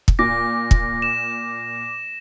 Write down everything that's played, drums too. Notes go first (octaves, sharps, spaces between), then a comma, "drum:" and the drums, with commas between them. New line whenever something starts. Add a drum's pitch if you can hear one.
drum: kick
A#2 D6 A#6
drum: kick
E7